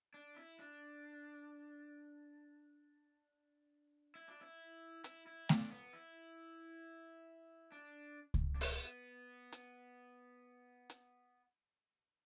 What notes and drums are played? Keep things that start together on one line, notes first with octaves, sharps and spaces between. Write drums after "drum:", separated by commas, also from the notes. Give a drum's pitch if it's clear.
D4
E4
D4
E4
D4
E4
E4, drum: hi-hat
E4
D4, drum: snare A3
B3
E4
D4
drum: kick C#2
D4
B3, drum: open hi-hat
drum: hi-hat
drum: hi-hat